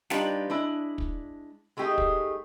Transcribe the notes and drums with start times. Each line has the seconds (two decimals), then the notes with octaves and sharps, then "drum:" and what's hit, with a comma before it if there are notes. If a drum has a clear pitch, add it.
0.10 G3 D4 D#4 F4 G4 B4, drum: snare
0.50 G#3 D4 E4
0.98 drum: kick
1.77 G#3 A3 D#4 G4 G#4
1.98 drum: kick